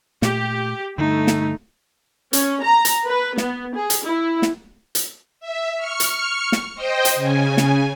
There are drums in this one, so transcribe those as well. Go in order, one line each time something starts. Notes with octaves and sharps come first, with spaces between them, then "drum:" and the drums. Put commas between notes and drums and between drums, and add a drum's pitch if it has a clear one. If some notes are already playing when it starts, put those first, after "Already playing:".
A#2 A3 G4, drum: snare
G2 D3 A3 D#4
drum: snare
C#4, drum: hi-hat
A#5
drum: hi-hat
B4
B3, drum: snare
G#4
drum: hi-hat
E4
drum: snare
drum: hi-hat
E5
C#6 F6 C#7
drum: hi-hat
drum: snare
C5 D#5 G5
drum: hi-hat
C#3 G#5
drum: snare